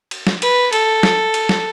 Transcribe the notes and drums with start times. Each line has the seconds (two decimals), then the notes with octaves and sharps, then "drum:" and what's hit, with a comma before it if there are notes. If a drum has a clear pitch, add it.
0.11 drum: cymbal
0.27 drum: snare
0.42 B4, drum: cymbal
0.73 A4, drum: cymbal
1.03 drum: snare
1.34 drum: cymbal
1.49 drum: snare